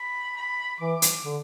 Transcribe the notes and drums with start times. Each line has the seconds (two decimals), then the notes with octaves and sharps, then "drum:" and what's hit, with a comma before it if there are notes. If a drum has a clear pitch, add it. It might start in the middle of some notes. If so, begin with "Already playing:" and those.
Already playing: B5
0.37 B5
0.80 E3 D6
1.02 drum: hi-hat
1.24 D3